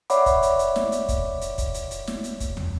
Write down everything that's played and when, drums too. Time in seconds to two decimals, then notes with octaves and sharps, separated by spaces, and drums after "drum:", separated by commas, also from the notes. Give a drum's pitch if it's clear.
0.10 C#5 D5 E5 F#5 B5 D6, drum: hi-hat
0.26 drum: kick, hi-hat
0.43 drum: hi-hat
0.59 drum: hi-hat
0.76 drum: snare
0.92 drum: hi-hat
1.09 drum: kick, hi-hat
1.42 drum: hi-hat
1.58 drum: kick, hi-hat
1.74 drum: hi-hat
1.91 drum: hi-hat
2.07 drum: snare
2.24 drum: hi-hat
2.40 drum: kick, hi-hat
2.57 drum: tom